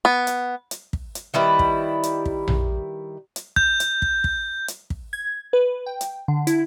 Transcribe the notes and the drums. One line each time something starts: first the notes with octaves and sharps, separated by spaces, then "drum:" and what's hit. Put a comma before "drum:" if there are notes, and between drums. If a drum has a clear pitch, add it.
B3
drum: hi-hat
drum: hi-hat
drum: kick
drum: hi-hat
D#3 G3 E4 B4
drum: kick
drum: hi-hat
drum: kick
drum: tom A#1
drum: hi-hat
G6, drum: kick
drum: hi-hat
drum: kick
drum: kick
drum: hi-hat
drum: kick
G#6
B4
G5
drum: hi-hat
D3
E4, drum: hi-hat